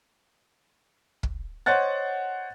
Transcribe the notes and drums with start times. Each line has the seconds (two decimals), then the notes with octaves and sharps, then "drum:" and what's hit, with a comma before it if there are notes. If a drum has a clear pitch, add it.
1.23 drum: kick
1.66 C5 C#5 D#5 F#5 F#6 A6